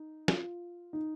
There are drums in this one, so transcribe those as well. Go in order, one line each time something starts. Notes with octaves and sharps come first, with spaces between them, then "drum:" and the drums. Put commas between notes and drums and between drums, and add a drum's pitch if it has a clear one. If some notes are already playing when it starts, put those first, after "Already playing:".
Already playing: D#4
F4, drum: snare
D#4